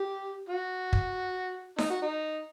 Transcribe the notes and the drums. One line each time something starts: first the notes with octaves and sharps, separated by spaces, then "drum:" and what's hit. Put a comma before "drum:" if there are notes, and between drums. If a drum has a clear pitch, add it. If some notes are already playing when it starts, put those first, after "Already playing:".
Already playing: G4
F#4
drum: kick
D#4, drum: snare D#4
F#4
D#4